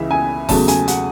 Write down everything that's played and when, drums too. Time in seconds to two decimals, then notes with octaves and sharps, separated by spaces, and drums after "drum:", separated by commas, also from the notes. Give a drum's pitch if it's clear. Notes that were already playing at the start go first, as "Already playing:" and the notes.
Already playing: C#2 C#3 E3 E5
0.11 G#5
0.49 E2 C#3 F#3 A3 A5, drum: kick F1, open hi-hat
0.68 G#5, drum: hi-hat
0.88 F#5, drum: hi-hat